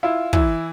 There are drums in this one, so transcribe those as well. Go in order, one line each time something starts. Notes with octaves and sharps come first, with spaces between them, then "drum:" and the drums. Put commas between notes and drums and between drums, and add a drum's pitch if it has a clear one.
E4 F4
E3 E4, drum: kick